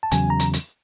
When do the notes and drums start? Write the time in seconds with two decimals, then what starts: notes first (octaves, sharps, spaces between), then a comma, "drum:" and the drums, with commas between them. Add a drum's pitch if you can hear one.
0.03 A5
0.12 E2 C#3 F#3 G#5, drum: hi-hat
0.30 A#5
0.40 drum: hi-hat
0.54 drum: hi-hat